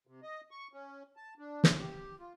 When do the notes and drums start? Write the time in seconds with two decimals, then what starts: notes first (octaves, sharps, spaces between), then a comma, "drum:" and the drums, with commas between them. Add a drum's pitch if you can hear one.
0.07 C3
0.23 D#5
0.51 C#6
0.73 C#4
1.17 A5
1.39 D4
1.64 drum: snare
1.80 G4
2.20 F4